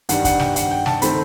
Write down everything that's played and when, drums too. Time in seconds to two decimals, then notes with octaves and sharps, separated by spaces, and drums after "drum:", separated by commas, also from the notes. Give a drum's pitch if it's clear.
0.09 G2 D#3 G3 F#5, drum: hi-hat
0.25 F#5, drum: kick, hi-hat
0.40 G5, drum: snare
0.56 F#5, drum: hi-hat
0.71 G5
0.86 A5, drum: snare
1.02 D#3 A3 C4 B5, drum: hi-hat